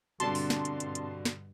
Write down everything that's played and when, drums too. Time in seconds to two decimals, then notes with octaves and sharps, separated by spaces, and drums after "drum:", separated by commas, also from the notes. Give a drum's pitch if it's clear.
0.20 G2 B2 D3 C4 D4 A5 C6, drum: hi-hat
0.35 drum: open hi-hat
0.50 drum: snare
0.65 drum: hi-hat
0.80 drum: hi-hat
0.95 drum: hi-hat
1.25 drum: snare